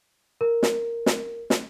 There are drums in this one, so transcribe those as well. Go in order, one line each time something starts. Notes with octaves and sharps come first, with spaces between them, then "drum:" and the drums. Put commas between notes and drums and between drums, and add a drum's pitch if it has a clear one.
A#4
drum: snare
drum: snare
drum: snare